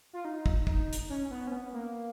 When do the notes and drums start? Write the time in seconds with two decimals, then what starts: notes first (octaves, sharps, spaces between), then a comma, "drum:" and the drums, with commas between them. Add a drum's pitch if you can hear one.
0.13 F4
0.25 D#4
0.46 drum: kick
0.67 D#4, drum: kick
0.93 drum: hi-hat
1.09 C#4
1.31 B3
1.47 C#4
1.52 B3
1.73 A#3